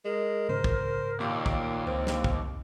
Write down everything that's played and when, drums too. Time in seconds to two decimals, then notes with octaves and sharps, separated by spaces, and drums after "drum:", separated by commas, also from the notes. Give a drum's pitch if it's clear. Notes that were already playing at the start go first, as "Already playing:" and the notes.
0.05 G#3 A#4
0.49 G#2 C#3 C#4 C5
0.64 drum: kick
1.20 D#2 A#2 G5
1.46 drum: kick
1.87 C#2 C4
2.07 drum: snare
2.24 C2 F#2, drum: kick